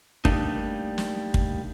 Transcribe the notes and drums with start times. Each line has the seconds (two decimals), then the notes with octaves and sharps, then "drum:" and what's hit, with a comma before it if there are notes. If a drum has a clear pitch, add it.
0.25 G3 A3 A#3 D4 D#4, drum: kick
0.98 drum: snare
1.34 drum: kick